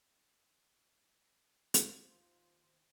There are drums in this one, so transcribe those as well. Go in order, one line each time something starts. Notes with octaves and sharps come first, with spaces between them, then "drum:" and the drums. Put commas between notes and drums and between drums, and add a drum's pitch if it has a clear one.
D#2 F4 C5, drum: hi-hat